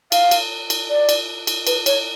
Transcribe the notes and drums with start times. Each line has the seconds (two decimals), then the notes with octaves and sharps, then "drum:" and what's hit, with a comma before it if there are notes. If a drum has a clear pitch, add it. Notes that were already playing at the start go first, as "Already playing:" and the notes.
0.12 F5, drum: cymbal
0.31 drum: cymbal
0.70 drum: cymbal
0.90 D5
1.09 drum: cymbal
1.47 drum: cymbal
1.67 B4, drum: cymbal
1.86 C#5, drum: cymbal